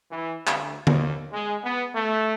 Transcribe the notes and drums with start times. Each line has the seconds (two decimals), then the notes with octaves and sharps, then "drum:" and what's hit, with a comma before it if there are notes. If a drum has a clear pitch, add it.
0.10 E3
0.47 D2, drum: clap
0.87 D#2, drum: tom D3
1.33 G#3
1.64 B3
1.95 A3